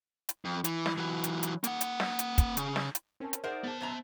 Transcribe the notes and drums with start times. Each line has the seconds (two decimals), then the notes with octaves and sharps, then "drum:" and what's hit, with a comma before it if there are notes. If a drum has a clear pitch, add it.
0.29 drum: hi-hat
0.45 F2
0.64 E3, drum: hi-hat
0.86 drum: snare
0.98 E3 F#3
1.24 drum: hi-hat
1.43 drum: hi-hat
1.64 A#3 F#5, drum: hi-hat
1.81 drum: hi-hat
2.00 drum: snare
2.19 drum: hi-hat
2.38 drum: kick, hi-hat
2.57 C#3, drum: hi-hat
2.76 drum: snare
2.95 drum: hi-hat
3.20 C4 C#4 A#4 G#5 A5
3.33 drum: hi-hat
3.44 D#4 G#4 A#4 C5 D5 E5 F#5
3.64 B3 A5 A6
3.81 F#2 B2 C5 E5 A#5